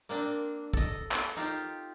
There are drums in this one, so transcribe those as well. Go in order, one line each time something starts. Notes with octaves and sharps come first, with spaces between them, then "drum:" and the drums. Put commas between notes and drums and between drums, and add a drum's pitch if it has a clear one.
A#3 C4 D4
A4 D#5, drum: kick
drum: clap
D#4 F4 G4 C5